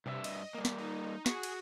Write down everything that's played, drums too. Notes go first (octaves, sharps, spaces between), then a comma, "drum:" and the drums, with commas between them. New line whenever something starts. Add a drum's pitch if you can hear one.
G2 C3 G4 E5
D#5, drum: cymbal
G3 A#3
drum: snare
D#4
F#4 G#4, drum: snare
drum: cymbal